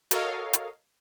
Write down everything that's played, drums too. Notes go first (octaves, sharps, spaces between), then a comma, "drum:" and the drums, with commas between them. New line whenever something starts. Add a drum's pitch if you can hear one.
F#4 A4 A#4 C#5 D#5 F5, drum: hi-hat
drum: hi-hat